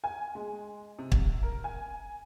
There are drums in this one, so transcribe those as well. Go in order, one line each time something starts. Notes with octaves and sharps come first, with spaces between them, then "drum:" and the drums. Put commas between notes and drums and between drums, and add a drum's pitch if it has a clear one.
G#5
G#3
C3
drum: kick
A#4
G#5